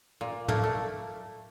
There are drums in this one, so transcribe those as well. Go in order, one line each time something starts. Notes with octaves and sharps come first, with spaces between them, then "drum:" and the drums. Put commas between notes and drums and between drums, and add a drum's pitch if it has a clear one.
A#2
A3 A#3, drum: tom
A3